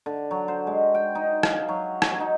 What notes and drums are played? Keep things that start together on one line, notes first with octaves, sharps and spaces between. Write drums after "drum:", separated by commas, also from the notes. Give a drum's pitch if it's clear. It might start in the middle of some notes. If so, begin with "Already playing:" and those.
D3
F#3
C5
G#3
G5
D#4
F5, drum: rim click
F#3
drum: rim click
D#4